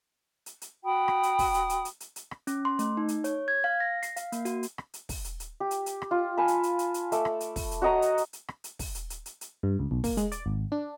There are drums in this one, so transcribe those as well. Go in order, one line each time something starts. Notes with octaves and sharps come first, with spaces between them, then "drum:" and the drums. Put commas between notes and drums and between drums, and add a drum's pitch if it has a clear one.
drum: hi-hat
drum: hi-hat
F#4 G5 B5 D#6
drum: rim click
drum: hi-hat
drum: kick, open hi-hat
drum: hi-hat
drum: hi-hat
drum: hi-hat
drum: hi-hat
drum: hi-hat
drum: rim click
C#4, drum: hi-hat
C6
A3, drum: hi-hat
D#4
drum: hi-hat
C#5, drum: hi-hat
G#6
F5
A#6
C7, drum: hi-hat
F5, drum: hi-hat
A#3, drum: hi-hat
F#4, drum: hi-hat
drum: hi-hat
drum: rim click
drum: hi-hat
drum: kick, open hi-hat
drum: hi-hat
drum: hi-hat
G4
drum: hi-hat
drum: hi-hat
drum: rim click
F4
G#5 A5 B5
drum: hi-hat
drum: hi-hat
drum: hi-hat
drum: hi-hat
A3 D6 E6, drum: hi-hat
drum: rim click
drum: hi-hat
drum: kick, open hi-hat
drum: hi-hat
F#4 C#5 D#5 A#5
drum: hi-hat
drum: hi-hat
drum: hi-hat
drum: rim click
drum: hi-hat
drum: kick, open hi-hat
drum: hi-hat
drum: hi-hat
drum: hi-hat
drum: hi-hat
G2
C#2
B1
A#3, drum: kick, open hi-hat
G#3, drum: hi-hat
D5, drum: hi-hat
G#1
D4